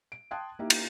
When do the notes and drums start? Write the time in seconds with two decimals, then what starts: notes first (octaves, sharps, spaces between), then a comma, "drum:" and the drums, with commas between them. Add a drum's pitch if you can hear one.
0.12 D7
0.31 G5 A5 C6 D#6 F#6 G#6
0.59 A#3 D#4 E4 G4 E5
0.70 drum: cymbal